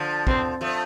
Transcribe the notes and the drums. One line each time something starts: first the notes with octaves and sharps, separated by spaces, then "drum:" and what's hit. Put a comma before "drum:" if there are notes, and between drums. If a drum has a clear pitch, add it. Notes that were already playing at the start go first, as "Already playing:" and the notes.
Already playing: D3 F3
C4, drum: kick
F3 A3